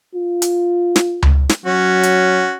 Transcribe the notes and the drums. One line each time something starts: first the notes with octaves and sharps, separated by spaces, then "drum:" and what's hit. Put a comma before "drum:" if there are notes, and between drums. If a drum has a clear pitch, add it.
F4
drum: hi-hat
drum: snare
drum: tom C#2
drum: snare
F#3 C#4 F#4
drum: hi-hat